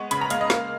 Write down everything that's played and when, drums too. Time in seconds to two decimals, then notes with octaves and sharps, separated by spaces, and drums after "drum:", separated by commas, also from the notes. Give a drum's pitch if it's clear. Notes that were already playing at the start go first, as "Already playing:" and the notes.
Already playing: G#3 B3 C#6
0.11 C#3 B5, drum: hi-hat
0.21 A#5
0.30 G#3 F5, drum: hi-hat
0.41 D#5
0.50 A#3 F5, drum: snare